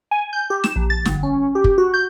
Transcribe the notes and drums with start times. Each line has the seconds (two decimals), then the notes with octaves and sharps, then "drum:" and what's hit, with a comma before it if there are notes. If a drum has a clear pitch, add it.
0.11 G#5
0.33 G6
0.50 G4
0.64 E7, drum: snare
0.76 A#1
0.90 A6
1.05 G1, drum: snare
1.23 C#4
1.55 G4
1.64 drum: kick
1.78 F#4
1.94 G6